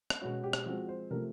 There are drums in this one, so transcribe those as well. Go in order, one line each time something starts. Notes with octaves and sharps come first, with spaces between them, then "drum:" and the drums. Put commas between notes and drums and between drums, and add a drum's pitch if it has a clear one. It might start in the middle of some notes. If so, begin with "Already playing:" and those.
drum: rim click
B2 G#3 C#4 F#4
G4
drum: rim click
F3 G#3 C4 F#4
C5
C3 F3 A3 A#4